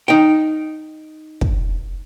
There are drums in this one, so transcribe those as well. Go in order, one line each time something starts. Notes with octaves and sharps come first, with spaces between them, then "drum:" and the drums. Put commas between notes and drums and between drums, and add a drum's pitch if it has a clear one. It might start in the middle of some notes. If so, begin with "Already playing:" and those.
D#4 G5
drum: kick